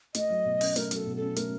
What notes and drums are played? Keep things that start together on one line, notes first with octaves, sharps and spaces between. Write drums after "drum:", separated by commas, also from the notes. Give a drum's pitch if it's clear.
A3 D#5, drum: hi-hat
F#3
B2
C#4, drum: open hi-hat
A3 A#4, drum: hi-hat
F#3, drum: hi-hat
A4
B2
C#4 A4
A3 A#4, drum: hi-hat